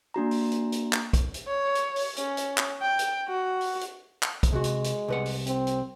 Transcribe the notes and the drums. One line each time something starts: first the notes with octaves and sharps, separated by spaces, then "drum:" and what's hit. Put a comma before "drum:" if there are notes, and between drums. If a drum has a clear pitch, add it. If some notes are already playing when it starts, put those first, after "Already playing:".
A#3 D4 F#4 A#5
drum: open hi-hat
drum: hi-hat
drum: hi-hat
drum: clap
drum: kick, hi-hat
drum: hi-hat
C#5
drum: hi-hat
drum: open hi-hat
C#4, drum: hi-hat
drum: hi-hat
drum: clap
G5
drum: hi-hat
F#4
drum: open hi-hat
drum: hi-hat
drum: clap
drum: kick, hi-hat
C3 G#3 F#4
drum: hi-hat
drum: hi-hat
C2 B4 F#5
drum: open hi-hat
C4, drum: hi-hat
drum: hi-hat